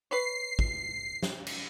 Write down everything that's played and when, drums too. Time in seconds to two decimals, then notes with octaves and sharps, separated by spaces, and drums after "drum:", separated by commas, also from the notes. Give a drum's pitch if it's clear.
0.11 B4 C#5 C7
0.59 drum: kick
1.23 drum: snare
1.47 drum: cymbal